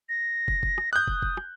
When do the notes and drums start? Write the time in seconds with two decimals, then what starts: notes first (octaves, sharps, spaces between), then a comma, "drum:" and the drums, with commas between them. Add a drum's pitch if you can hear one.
0.09 A#6
0.48 drum: kick
0.63 drum: kick
0.78 drum: rim click
0.93 D#6 F#6 G6
1.08 drum: kick
1.22 drum: kick
1.37 drum: rim click